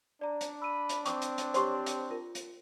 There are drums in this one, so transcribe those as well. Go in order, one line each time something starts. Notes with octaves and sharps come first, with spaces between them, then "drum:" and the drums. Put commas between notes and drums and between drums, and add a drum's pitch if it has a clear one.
D4 D5 A#5
drum: hi-hat
B5 E6 D#7
drum: hi-hat
C4 C#6 D6, drum: hi-hat
drum: hi-hat
drum: hi-hat
G4 C5 C#5 C6 C#6, drum: hi-hat
drum: hi-hat
F4 A#4
drum: hi-hat